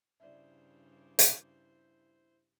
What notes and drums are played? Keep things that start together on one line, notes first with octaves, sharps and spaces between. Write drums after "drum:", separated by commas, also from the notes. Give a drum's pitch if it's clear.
G2 C#3 E4 C5 D5 E5
drum: hi-hat